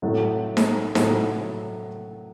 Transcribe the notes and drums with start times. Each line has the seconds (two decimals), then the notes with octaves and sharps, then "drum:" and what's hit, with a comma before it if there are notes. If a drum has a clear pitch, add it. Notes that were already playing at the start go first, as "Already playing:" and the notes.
0.02 A2 F#3 A3
0.57 drum: snare D#4
0.95 A2 F#3 A3, drum: snare D#4